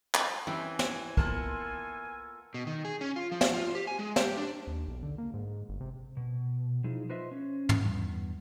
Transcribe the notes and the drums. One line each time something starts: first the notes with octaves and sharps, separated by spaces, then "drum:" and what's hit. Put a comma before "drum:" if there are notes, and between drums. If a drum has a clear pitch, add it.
drum: clap
E3 C4 C#4 G4 G#5
drum: snare
A#3 B3 F4 A4 A5, drum: kick
B2
D#3
G#4
C#4
F4
F3
drum: snare
F4
G4
G#5
G#3
G4, drum: snare
D4
D#2
B1
D3
A#3
G#2
G1
C3
B2
F3 D#4 E4 G#4
F4 B4 C5 D#5 E5
C#4
drum: tom
E2 G2